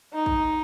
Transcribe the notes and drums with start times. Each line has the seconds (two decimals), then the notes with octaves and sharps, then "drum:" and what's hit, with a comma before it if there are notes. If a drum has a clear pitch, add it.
0.14 D#4
0.26 drum: kick